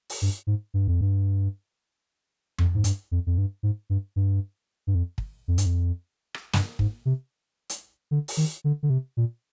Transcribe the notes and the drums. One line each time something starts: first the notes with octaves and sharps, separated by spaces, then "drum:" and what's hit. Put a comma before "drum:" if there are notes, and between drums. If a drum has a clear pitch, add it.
drum: open hi-hat
G2
G#2
G2
F2
G2
F2, drum: tom F2
G#2
G2, drum: hi-hat
F2
F2
G2
G#2
G2
G2
G2
F2
drum: kick
F2
G2, drum: hi-hat
F2
drum: rim click
G2, drum: snare
G#2, drum: kick
C3
drum: hi-hat
D3
drum: open hi-hat
D#3
D3
D3
C3
A#2